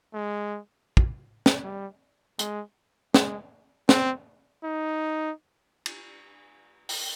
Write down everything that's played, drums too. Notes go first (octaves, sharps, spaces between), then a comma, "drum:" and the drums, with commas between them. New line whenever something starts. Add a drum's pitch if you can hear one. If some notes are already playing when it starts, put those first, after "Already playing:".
G#3
drum: kick
drum: snare
G3
G#3, drum: hi-hat
G#3, drum: snare
C4, drum: snare
D#4
drum: cymbal
drum: open hi-hat